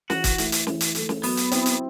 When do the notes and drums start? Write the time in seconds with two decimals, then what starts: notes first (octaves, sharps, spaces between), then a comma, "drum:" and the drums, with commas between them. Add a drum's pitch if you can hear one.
0.10 E3 F#4, drum: snare
0.24 drum: kick, hi-hat
0.38 A3 E4 A4, drum: hi-hat
0.52 drum: hi-hat
0.67 E3, drum: snare
0.81 drum: hi-hat
0.95 A3 E4 A4, drum: hi-hat
1.09 drum: snare
1.23 F#3 B3, drum: open hi-hat
1.37 drum: hi-hat
1.52 C4 E4, drum: hi-hat
1.66 drum: hi-hat